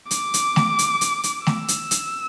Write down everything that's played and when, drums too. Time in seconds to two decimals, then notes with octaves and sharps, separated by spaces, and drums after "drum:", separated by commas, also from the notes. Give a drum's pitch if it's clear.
0.11 D6, drum: hi-hat
0.34 drum: hi-hat
0.56 drum: snare A3
0.79 drum: hi-hat
1.01 drum: hi-hat
1.23 drum: hi-hat
1.47 E6, drum: snare A3
1.68 drum: hi-hat
1.91 drum: hi-hat